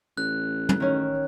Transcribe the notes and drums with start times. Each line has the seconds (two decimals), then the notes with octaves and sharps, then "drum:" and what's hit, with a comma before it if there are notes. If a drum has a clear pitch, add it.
0.17 A1 F#6
0.69 drum: tom
0.80 D#3 C#4